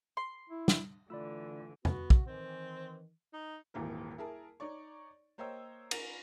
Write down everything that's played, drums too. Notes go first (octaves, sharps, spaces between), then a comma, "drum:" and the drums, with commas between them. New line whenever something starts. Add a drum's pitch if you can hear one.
C6
E4
drum: snare
D3 E3 A3 F4 D5 B5 E6
B3 F#4, drum: tom E2
drum: kick
D#3 E3 C4
D#4
D#1 G#1 D#2 E3 A#3 A#4
E4 G#4 A#4 A5
D#4 C#5 D5 C#6
A#3 C5 C#5 D#5 G5 E6
A#4, drum: cymbal